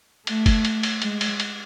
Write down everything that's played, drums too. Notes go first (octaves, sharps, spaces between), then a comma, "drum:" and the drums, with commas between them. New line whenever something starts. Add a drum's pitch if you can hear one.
A3, drum: cymbal
drum: kick F#1, cymbal
drum: cymbal
drum: cymbal
G#3, drum: cymbal
drum: cymbal
drum: cymbal